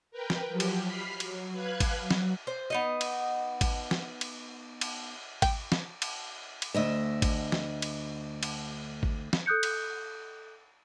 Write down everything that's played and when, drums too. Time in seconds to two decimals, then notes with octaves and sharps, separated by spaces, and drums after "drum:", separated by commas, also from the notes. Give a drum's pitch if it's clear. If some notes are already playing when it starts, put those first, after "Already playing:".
0.11 A#4 B4 G5
0.30 drum: snare
0.49 F3 F#3 G4
0.60 drum: cymbal
0.84 B5 F6 B6 C7
1.20 F#3, drum: cymbal
1.52 B4 F5 F#6 G#6
1.80 drum: kick G#1, cymbal
2.01 F#3
2.11 drum: snare
2.47 C5
2.70 B3 D#4 D#5
3.01 drum: cymbal
3.61 drum: kick G#1, cymbal
3.91 drum: snare
4.21 drum: cymbal
4.81 drum: cymbal
5.42 G5, drum: kick G#1, cymbal
5.72 drum: snare
6.02 drum: cymbal
6.62 drum: cymbal
6.74 D2 D#5 E5
7.22 drum: kick G#1, cymbal
7.52 drum: snare
7.82 drum: cymbal
8.43 drum: cymbal
9.03 drum: kick G#1
9.33 drum: snare
9.46 A4 D#6 F#6 G6 C#7
9.63 drum: cymbal